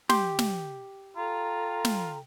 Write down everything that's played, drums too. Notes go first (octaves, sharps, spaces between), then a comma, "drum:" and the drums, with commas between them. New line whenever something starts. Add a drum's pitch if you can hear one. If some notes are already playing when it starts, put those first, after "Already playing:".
G4 C6 G6, drum: snare
drum: snare
F4 A4 G5 A#5
drum: snare